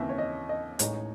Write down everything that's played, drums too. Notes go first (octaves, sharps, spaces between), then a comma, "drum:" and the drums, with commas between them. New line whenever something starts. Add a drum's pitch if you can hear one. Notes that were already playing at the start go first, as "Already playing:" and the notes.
Already playing: D#2 C#3 E3 C4 E5
C#5
D#5
D#5
A1 A2 G#3 D#4 C#5, drum: hi-hat